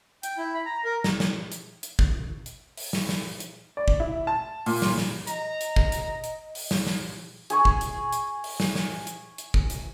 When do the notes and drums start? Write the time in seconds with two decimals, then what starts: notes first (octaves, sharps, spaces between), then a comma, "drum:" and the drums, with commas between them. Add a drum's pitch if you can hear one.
0.23 G5, drum: hi-hat
0.37 E4
0.54 B5
0.66 A#5
0.85 A#4
1.04 drum: snare
1.20 drum: snare
1.52 drum: hi-hat
1.83 drum: hi-hat
1.99 drum: kick
2.46 drum: hi-hat
2.77 drum: open hi-hat
2.93 drum: snare
3.09 drum: snare
3.40 drum: hi-hat
3.77 D5
3.88 drum: kick
4.00 E4
4.27 A5
4.66 A#2, drum: open hi-hat
4.82 drum: snare
4.98 drum: snare
5.27 D#5 A#5, drum: hi-hat
5.61 drum: hi-hat
5.76 drum: kick
5.92 drum: hi-hat
6.24 drum: hi-hat
6.55 drum: open hi-hat
6.71 drum: snare
6.87 drum: snare
7.50 G#4 G#5 C#6, drum: hi-hat
7.65 drum: kick
7.81 drum: hi-hat
8.12 drum: hi-hat
8.44 drum: open hi-hat
8.60 drum: snare
8.75 drum: snare
9.07 drum: hi-hat
9.38 drum: hi-hat
9.54 drum: kick
9.70 drum: hi-hat